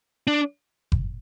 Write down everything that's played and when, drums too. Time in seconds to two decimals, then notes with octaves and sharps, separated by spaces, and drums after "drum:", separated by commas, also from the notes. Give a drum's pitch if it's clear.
0.27 D4
0.92 drum: kick F#1